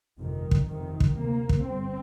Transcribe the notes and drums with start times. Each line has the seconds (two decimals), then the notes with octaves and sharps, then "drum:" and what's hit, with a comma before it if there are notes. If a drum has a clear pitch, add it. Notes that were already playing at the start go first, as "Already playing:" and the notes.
0.19 G1 F2 C3 D#3
0.51 drum: kick
0.67 F1 F2 C3 D#3
1.00 drum: kick
1.16 D2 C3 A#3
1.49 drum: kick
1.66 G1 G2 C4